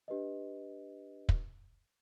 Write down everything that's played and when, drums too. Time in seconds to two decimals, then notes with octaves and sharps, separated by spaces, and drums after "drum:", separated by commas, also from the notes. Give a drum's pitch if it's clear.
0.08 D4 G4 B4 D#5
1.29 drum: kick